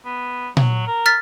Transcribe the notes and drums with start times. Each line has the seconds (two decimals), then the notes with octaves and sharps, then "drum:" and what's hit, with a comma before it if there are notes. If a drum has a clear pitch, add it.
0.05 B3
0.57 F#3, drum: tom A#2
0.87 A#4
1.06 F6 A6 B6